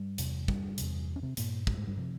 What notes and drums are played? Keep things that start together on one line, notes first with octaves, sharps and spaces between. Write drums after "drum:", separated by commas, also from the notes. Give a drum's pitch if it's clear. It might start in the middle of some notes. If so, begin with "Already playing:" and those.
Already playing: G2 G3
E2 C3, drum: hi-hat
G2 G3, drum: kick
E2 C3, drum: hi-hat
C#4
C3 C4
G2 A#2 A#3, drum: hi-hat
G#2 G#3, drum: kick
G#2 G#3
G2 G3
C3 F3